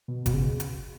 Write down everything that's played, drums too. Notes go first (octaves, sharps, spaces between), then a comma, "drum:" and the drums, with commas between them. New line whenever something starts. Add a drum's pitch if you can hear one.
B2
B2, drum: kick F#1, hi-hat
C#3
drum: hi-hat